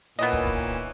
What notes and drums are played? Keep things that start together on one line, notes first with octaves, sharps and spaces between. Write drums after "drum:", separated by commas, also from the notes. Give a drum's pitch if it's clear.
A#2 D#3 E3 B3 C#4 D#5
drum: kick
drum: kick